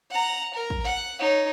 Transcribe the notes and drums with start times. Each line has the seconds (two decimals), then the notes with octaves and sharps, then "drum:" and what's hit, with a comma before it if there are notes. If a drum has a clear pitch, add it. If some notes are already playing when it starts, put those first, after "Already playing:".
0.10 F#5 A#5
0.54 A#4
0.70 drum: kick
0.84 F#5
1.20 D#4 C#5